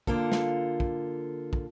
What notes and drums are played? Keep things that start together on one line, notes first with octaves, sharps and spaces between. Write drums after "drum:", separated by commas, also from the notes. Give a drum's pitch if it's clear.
D3 A#3 F4 A4, drum: kick
drum: snare
drum: kick
drum: kick